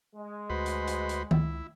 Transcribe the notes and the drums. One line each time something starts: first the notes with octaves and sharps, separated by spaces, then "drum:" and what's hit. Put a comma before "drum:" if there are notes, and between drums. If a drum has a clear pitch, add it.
G#3
D2 F#4 B4 C5
drum: hi-hat
drum: hi-hat
drum: hi-hat
C#2 E4, drum: tom D#3